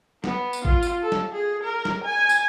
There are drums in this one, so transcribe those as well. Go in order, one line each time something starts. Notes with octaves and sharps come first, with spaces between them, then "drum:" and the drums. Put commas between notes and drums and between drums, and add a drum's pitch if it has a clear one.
B3, drum: snare
drum: tambourine
F4, drum: kick
drum: tambourine
A4
drum: snare
G#4
A#4
drum: snare
G#5
drum: tambourine